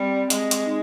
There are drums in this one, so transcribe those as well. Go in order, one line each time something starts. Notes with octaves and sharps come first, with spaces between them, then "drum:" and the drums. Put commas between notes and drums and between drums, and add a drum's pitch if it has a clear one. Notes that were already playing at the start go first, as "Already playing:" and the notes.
Already playing: G3 C4
G#3, drum: hi-hat
drum: hi-hat
D#4